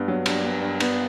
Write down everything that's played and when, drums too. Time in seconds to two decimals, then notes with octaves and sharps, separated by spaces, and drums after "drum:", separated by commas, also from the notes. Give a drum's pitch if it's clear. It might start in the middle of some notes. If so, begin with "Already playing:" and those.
Already playing: G2 B3
0.08 F#3
0.26 G2, drum: cymbal
0.43 B3
0.61 G2
0.80 B3, drum: cymbal